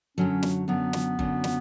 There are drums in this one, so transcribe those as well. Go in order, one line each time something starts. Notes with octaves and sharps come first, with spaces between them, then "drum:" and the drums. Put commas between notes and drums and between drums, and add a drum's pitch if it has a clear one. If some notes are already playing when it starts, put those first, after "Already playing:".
F#2 D3 F#3 C#4
drum: snare
F#2 D3 F#3 B3
drum: snare
F#2 D3 F#3, drum: kick F#1
drum: snare